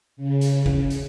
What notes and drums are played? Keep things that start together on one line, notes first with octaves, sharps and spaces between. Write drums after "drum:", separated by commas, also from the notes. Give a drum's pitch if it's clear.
C#3
drum: hi-hat
drum: kick F#1
drum: hi-hat